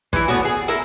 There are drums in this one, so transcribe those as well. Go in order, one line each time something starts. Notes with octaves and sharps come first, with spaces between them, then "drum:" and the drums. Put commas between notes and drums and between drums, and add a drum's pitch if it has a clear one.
E3 E4, drum: kick
A3 B3 C#4 F#4
G#4
E4 A4 A#4